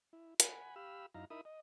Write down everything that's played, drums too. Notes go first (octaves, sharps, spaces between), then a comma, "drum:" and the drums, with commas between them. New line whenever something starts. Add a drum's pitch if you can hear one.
E4
F#5 G#5 B5, drum: hi-hat
G4 F5 B5 E6
F#2 D#4 E4 F5 A#5
D#4 E4 A#4 E5 B5 D#6
D#5